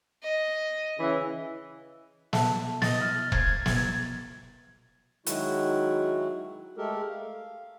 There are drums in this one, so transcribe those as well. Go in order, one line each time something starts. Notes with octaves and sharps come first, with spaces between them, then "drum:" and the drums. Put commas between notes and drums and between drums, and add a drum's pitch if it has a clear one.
D#5
C#3 E3
A4 E5 F#5, drum: snare
D#5 A6, drum: snare
E4 F6
A#3 C5 G#6, drum: kick E1
drum: snare
D#3 F#3 G#3 E4 F#4, drum: hi-hat
G#3 A3 G4 A4 A#4
F5